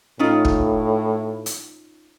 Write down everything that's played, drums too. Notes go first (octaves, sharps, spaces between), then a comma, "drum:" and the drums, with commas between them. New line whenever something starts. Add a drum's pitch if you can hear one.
A2 C#4 D#4 F4
drum: kick
drum: hi-hat